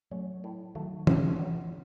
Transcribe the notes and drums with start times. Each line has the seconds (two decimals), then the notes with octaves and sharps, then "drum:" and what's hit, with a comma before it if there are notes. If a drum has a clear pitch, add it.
0.11 F#3 A3 C#4
0.44 A2
0.75 D#3 F#3 A3
1.07 E3, drum: tom
1.39 F#3